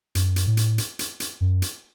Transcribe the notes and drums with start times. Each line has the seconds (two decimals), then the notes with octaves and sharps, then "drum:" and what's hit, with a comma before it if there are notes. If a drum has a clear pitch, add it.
0.15 F#2, drum: hi-hat
0.36 drum: hi-hat
0.46 A2
0.57 drum: hi-hat
0.78 drum: hi-hat
0.99 drum: hi-hat
1.20 drum: hi-hat
1.41 F#2
1.62 drum: hi-hat